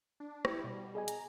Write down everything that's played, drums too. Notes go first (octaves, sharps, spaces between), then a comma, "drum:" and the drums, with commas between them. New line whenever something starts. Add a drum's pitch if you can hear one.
D4
E4 G4 C#5, drum: rim click
B2 G3
G#4 D#5 G#5
A#5, drum: hi-hat